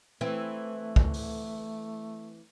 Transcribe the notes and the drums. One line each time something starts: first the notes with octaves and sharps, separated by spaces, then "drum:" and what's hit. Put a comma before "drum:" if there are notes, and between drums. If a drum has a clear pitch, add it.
E3 A3 C4
drum: kick
drum: open hi-hat